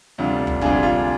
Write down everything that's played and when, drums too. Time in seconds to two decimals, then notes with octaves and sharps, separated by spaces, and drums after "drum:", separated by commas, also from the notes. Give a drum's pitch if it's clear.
0.18 D2 C3 G3 D4 F4
0.47 drum: kick
0.61 D2 C3 G3 D4 F4 G#4, drum: kick
0.83 F4